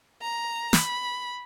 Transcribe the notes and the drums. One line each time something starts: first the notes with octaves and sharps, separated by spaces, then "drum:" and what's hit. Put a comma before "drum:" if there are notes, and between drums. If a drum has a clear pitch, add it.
A#5
B5, drum: snare